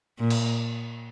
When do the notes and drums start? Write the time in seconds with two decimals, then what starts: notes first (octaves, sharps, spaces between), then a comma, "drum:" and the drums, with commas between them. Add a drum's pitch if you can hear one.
0.19 A#2
0.30 drum: cymbal